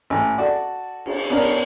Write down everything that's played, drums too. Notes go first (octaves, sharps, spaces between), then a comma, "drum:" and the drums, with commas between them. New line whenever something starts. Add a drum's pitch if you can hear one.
A1
F#4 A4 D5
drum: cymbal
B3 C#4 D4 A#4